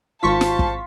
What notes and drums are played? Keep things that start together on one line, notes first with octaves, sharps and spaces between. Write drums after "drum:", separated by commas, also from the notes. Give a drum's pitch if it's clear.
G#1 F4 C5 F5 A5 C6 C#6 B6
drum: snare
drum: kick